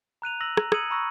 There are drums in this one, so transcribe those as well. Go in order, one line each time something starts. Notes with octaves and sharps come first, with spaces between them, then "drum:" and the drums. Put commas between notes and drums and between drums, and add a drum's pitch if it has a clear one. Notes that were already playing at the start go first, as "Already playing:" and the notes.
A#5 F#6 D#7 F7
E6 A#6 F#7
A#5, drum: rim click
D#6 E6 G#6 C#7 D#7 F#7, drum: rim click
A#5 B5 C#6 E6 F#6 A#6